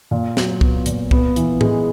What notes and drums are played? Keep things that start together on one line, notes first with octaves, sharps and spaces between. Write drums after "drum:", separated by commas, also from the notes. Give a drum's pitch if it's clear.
A#2
F#3, drum: snare
B3, drum: kick
A#2, drum: hi-hat
B3, drum: kick
E3, drum: hi-hat
G#3, drum: tom